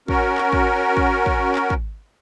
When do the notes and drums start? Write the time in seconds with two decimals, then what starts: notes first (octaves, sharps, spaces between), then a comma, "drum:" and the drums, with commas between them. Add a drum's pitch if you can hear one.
0.08 C#4 F#4 A#4, drum: kick
0.38 drum: clap
0.52 drum: kick
0.97 drum: kick
1.26 drum: kick
1.55 drum: clap
1.70 drum: kick